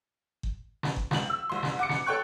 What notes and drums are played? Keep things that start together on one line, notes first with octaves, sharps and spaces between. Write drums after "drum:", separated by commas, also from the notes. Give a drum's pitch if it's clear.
drum: kick G1
drum: snare
drum: kick G1
C#2 F#7, drum: snare
E6
C2 C6
drum: snare
F#5 D6 C#7
drum: snare
A4 C#5 G5 C#6 F#6